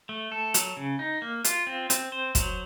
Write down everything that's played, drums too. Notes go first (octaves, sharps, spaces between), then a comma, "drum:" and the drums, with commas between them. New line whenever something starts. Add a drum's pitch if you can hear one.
A3
A4
F#3, drum: hi-hat
C#3
D#4
A#3
F4, drum: hi-hat
C4
C4, drum: hi-hat
C5
F#3, drum: kick, hi-hat